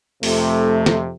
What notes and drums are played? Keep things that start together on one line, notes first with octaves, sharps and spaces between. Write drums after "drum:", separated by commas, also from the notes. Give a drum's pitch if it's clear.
F2 C3 A3, drum: open hi-hat
drum: snare